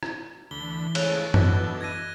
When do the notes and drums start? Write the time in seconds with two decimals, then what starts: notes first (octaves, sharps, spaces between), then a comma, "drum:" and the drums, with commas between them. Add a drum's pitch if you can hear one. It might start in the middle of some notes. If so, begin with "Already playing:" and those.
0.03 drum: rim click
0.51 D2 D3 E3 B5 G7
0.95 C#3 G#3 A3 A4 F#6 F7, drum: cymbal
1.34 B2 D4 E4 A4, drum: tom F#2
1.81 G#6 A#6 D#7